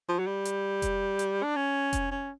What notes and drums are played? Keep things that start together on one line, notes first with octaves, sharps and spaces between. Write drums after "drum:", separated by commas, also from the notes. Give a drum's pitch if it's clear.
F3
F#3
G3
drum: hi-hat
drum: kick F1, hi-hat
drum: hi-hat
D4
C#4
drum: kick F1, hi-hat
C#4